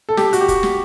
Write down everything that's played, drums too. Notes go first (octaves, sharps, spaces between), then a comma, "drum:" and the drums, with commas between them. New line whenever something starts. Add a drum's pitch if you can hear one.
A4
G4, drum: snare
F#4, drum: hi-hat
G4
F#4, drum: kick, hi-hat
drum: snare